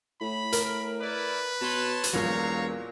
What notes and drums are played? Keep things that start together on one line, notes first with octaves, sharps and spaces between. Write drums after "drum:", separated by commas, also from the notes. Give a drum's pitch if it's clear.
A2 B5
A#4, drum: hi-hat
E4 B4 D5
B2 C#5 A5 C6
drum: hi-hat
E1 A#2 F#3 C#5 F5 A#5